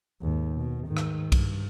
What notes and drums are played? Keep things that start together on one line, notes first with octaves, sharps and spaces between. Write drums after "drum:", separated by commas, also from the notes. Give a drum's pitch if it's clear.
D#2 G#2
B2
G#2 D#3
drum: rim click
G2, drum: kick B1, cymbal